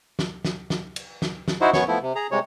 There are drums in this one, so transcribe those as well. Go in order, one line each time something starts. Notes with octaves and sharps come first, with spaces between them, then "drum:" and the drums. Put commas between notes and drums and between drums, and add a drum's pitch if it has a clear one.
drum: snare
drum: snare
drum: snare
drum: cymbal
drum: snare
drum: snare
D#4 E4 F#4 C5
F#2 B3 C#5 C#6, drum: snare
F3 A3 B3 E4
C3
G#4 A#5
C3 G3 G#3 C#5